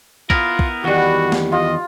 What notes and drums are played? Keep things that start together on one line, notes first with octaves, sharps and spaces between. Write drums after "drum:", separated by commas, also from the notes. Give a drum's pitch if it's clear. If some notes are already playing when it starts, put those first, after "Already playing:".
B3 E4 F4 A#4, drum: kick
drum: kick
E2 D#3 G3 F#4 F#5
drum: snare
F4 D#5